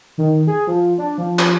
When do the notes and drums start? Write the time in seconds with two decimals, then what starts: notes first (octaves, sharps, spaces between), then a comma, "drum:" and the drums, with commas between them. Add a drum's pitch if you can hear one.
0.18 D#3
0.47 G#4
0.67 F3
0.98 D4
1.18 F3
1.39 drum: clap